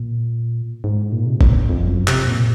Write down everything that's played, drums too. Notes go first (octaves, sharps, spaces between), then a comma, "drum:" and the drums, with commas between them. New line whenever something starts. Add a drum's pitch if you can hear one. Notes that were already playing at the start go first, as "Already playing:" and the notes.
Already playing: A#2
G#2
A#2
C3
G#2, drum: kick G1
F2
F#2
C3, drum: clap
A#2